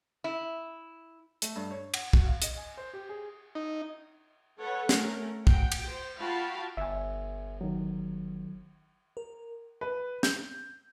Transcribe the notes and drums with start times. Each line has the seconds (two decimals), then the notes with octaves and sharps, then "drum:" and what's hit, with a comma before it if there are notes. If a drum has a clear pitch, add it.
0.24 E4
1.42 A3, drum: hi-hat
1.56 G2
1.71 C#5
1.94 F#5, drum: cymbal
2.13 F#4, drum: kick
2.26 F5
2.42 D#5, drum: hi-hat
2.57 G#5
2.77 C5
2.93 G4
3.09 G#4
3.55 D#4
4.60 A4 B4 C#5 F#5
4.89 A3 C#4 A#4, drum: snare
5.47 F#4 G5, drum: kick
5.72 drum: cymbal
5.90 C5
6.20 F4 F#4 F5 G5 A5 B5
6.77 G1 E5 G#5
7.61 D#3 F#3
9.17 A#4
9.81 B4
10.23 G6, drum: snare